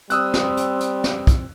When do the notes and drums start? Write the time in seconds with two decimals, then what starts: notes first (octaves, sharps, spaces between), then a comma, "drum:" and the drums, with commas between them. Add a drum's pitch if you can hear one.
0.10 G3 C4 D#6 E6 F#6, drum: hi-hat
0.34 drum: snare
0.57 drum: hi-hat
0.80 drum: hi-hat
1.04 drum: snare
1.27 drum: kick, hi-hat